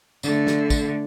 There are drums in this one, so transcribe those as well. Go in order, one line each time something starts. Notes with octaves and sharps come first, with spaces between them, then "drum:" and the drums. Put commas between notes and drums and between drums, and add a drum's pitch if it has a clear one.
D3 A3, drum: tambourine
drum: snare
drum: kick, tambourine